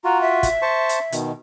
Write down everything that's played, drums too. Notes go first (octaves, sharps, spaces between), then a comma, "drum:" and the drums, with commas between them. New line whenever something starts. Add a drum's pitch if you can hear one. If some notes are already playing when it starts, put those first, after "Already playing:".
F4 F#4 A#5
E5
drum: kick, hi-hat
C5 A5 C#6
drum: hi-hat
B2 D#3, drum: hi-hat